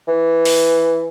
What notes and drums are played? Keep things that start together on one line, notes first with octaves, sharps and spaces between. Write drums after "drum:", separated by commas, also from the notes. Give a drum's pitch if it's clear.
E3
drum: open hi-hat